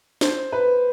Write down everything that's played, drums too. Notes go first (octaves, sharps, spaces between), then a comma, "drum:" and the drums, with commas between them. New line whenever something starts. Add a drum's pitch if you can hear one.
C5, drum: snare
B4